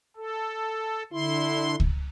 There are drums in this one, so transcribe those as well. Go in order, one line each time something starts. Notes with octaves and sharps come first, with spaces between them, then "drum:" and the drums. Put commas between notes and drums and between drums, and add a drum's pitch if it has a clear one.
A4
D3 E4 C6
drum: kick C#2